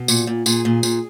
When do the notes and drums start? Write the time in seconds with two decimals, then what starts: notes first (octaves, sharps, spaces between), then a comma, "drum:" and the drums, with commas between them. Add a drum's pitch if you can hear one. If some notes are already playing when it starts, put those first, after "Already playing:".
Already playing: B2
0.08 A#2, drum: tambourine
0.27 A#2
0.46 A#2 G#4, drum: tambourine
0.65 A#2
0.83 A#2, drum: tambourine